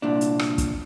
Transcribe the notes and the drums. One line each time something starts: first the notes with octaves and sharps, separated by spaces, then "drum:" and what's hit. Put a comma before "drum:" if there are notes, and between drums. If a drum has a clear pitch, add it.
C2 A#2 D4
drum: hi-hat
drum: rim click
drum: kick, hi-hat